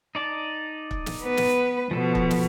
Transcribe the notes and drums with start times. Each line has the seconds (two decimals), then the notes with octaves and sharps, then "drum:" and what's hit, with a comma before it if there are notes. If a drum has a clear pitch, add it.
0.15 D#4 D5 A5
0.91 drum: kick
1.06 drum: snare
1.22 B3 B4
1.37 drum: snare
1.91 B2 F3 A4
2.15 drum: kick
2.31 drum: snare